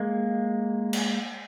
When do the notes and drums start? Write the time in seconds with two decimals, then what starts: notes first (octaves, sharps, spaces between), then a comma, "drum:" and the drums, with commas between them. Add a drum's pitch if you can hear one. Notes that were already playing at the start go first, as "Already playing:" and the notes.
Already playing: G#3 A#3
0.93 drum: cymbal